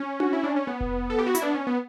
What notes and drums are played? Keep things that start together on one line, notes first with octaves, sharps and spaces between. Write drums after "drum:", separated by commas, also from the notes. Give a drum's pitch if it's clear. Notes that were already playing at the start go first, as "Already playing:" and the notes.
Already playing: C#4
F#4, drum: tom D4
E4
D4
C#4
B3
drum: kick F1
A4
G4
F#4
E4, drum: hi-hat
B3 D4
C#4
B3